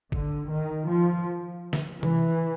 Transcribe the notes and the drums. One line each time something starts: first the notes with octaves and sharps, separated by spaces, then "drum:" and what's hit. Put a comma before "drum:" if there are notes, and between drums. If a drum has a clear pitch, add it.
D3, drum: kick
D#3
F3
drum: snare
E3, drum: tom C3